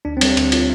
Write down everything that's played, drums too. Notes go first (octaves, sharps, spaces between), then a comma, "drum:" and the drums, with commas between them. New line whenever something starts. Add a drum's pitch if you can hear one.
D2 D4
C4
G3, drum: cymbal
D4
D2, drum: cymbal
F4, drum: cymbal